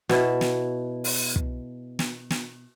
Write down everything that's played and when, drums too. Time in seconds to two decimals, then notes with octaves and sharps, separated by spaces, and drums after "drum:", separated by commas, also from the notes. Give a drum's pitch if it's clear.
0.09 B2 E4, drum: snare
0.41 drum: snare
1.04 drum: open hi-hat
1.36 drum: kick
1.99 drum: snare
2.30 drum: snare